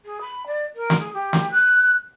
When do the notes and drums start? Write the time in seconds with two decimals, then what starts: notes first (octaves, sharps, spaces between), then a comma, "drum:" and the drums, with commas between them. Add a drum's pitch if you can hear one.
0.05 G#4
0.21 B5
0.47 D5
0.76 A#4
0.90 drum: snare
1.00 G#4
1.14 G4
1.33 drum: snare
1.52 F#6